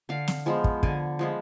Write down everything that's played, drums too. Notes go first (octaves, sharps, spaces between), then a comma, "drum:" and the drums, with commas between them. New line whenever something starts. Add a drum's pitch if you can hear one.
D3 F5
drum: snare
F3 G#3 B3
drum: kick
D3 G#5, drum: kick
F3 G#3 B3